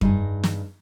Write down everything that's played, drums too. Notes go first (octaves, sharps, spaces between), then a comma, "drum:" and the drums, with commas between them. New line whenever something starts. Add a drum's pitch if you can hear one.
G2 D#4 G#4, drum: kick F2
drum: snare